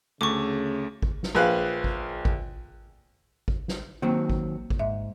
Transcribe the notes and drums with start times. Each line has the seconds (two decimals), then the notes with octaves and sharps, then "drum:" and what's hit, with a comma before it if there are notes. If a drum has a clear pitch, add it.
0.21 D2 C#3 A3 C#6 D6
1.03 drum: kick G#1
1.23 drum: snare
1.35 A#1 G#4 B4 F5 F#6
1.84 drum: kick G#1
2.25 drum: kick G#1
3.48 drum: kick G#1
3.68 drum: snare
4.02 D#3 F#3 A#3 C4
4.30 drum: kick G#1
4.70 drum: kick G#1
4.79 G#2 E5